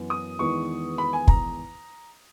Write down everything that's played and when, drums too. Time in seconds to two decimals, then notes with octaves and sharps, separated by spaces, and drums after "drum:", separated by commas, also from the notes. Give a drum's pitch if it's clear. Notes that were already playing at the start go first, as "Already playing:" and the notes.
Already playing: F#2 E3 B3
0.10 D#6
0.39 E2 D#3 G#3 B3 C#6
0.98 B5
1.13 G#5
1.28 A#5, drum: kick